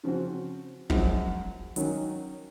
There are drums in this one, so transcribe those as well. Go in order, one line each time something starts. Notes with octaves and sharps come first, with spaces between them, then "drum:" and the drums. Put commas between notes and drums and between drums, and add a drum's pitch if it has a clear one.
C#3 F3 C4 F#4
F#2 F3 G#3, drum: kick
D#3 F#3 C#4, drum: hi-hat